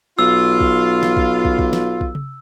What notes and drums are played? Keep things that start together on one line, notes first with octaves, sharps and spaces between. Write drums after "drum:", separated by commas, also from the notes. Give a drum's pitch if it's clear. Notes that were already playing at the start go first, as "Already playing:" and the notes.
B1 F4 E6
drum: kick
drum: snare
drum: kick
drum: kick
drum: kick
drum: snare
drum: kick
drum: tom C3